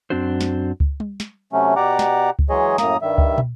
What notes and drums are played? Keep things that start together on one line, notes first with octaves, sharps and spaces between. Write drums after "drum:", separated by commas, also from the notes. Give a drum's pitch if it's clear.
F#2 C4 D4 F#4 C5
drum: snare
drum: kick C#2
drum: tom G3
drum: snare
C3 F#3 A3 C#4
B2 G4 D5 F#5 A#5 D6
drum: snare
drum: kick C#2
E3 F#3 G#3 G#4 C#5 D#5
F#2 A2 A#3 A#5 D#6, drum: snare
G2 D#3 G3 E5
drum: kick C#2
drum: tom